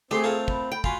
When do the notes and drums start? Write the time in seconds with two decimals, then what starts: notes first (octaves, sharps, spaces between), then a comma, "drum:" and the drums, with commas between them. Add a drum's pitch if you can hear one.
0.11 A3 C4 G4 G#4 C6
0.24 F4 A4 A#4
0.48 B5, drum: kick
0.72 G5
0.84 F4 F#4 G#5 B5 C6, drum: kick